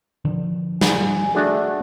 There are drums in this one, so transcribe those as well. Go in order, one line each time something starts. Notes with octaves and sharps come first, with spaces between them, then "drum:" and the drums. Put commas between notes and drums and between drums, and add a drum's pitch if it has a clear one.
D3 F3
G#5, drum: snare
A3 D4 F#4 G#4